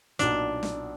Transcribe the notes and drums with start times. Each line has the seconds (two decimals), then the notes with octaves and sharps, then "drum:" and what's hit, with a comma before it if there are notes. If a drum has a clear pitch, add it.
0.19 B1 A#2 F#3 B3 D4 D#4, drum: hi-hat
0.63 drum: snare